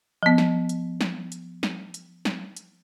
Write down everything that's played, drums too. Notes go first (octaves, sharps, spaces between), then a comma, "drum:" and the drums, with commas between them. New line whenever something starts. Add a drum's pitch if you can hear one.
F3 B3
drum: snare
drum: hi-hat
drum: snare
drum: hi-hat
drum: snare
drum: hi-hat
drum: snare
drum: hi-hat